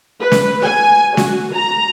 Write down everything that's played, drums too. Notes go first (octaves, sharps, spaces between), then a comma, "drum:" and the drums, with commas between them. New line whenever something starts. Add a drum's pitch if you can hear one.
B4
drum: snare
G#5
F#4, drum: snare
A#5